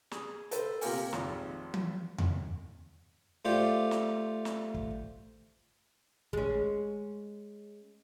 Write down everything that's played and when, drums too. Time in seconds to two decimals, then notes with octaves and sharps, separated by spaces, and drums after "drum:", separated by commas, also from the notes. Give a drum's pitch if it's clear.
0.11 G#4, drum: snare
0.51 A4 B4 C5, drum: hi-hat
0.81 C3 A#3 F4 G4 A#4 G#5, drum: open hi-hat
1.13 G#1 F2 C3 F3, drum: snare
1.74 drum: tom E3
2.18 drum: tom E2
3.45 A3 F4 G4 C5 D5
3.91 drum: snare
4.45 drum: snare
4.74 drum: kick
6.33 G#3 C#4, drum: kick